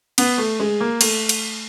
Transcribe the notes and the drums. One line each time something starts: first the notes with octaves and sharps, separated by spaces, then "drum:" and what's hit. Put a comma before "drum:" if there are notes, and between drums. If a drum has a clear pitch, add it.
B3, drum: cymbal
A3
G#3
A#3
A3, drum: cymbal
drum: cymbal